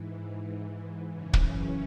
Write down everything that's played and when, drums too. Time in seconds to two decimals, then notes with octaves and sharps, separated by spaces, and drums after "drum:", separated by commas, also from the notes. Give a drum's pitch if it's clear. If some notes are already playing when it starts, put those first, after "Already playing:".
Already playing: G#2 E3
1.09 F#2 C#3 E3 C#4
1.33 drum: kick